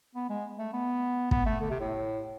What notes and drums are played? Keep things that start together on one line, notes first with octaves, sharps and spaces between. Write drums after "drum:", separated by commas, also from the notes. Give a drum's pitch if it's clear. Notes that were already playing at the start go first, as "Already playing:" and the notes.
B3
G#3
A3
B3
B3, drum: kick
A3
D3
C3
A2